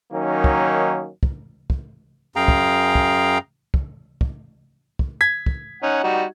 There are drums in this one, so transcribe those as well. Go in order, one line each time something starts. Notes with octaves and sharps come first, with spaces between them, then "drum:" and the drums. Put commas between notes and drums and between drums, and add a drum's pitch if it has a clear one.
D#3 F#3 A#3 C#4 D#4
drum: kick
drum: kick
drum: kick
F#2 G#4 F5 G5 A#5
drum: kick
drum: kick
drum: kick
drum: kick
drum: kick
G#6 B6
drum: kick
C#4 D#4 F#5
G3 D#4 F#4